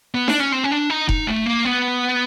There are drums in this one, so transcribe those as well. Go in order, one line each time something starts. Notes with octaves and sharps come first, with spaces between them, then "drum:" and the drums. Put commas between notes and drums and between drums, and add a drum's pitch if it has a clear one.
B3
D4, drum: snare D#4
C#4
C4
C#4
D4
D#4
D#4, drum: kick F1
A3
A#3
B3